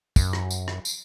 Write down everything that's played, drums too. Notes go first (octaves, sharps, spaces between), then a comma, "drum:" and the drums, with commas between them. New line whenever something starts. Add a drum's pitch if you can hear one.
F#2, drum: kick, tambourine
drum: rim click
drum: tambourine
drum: rim click
drum: tambourine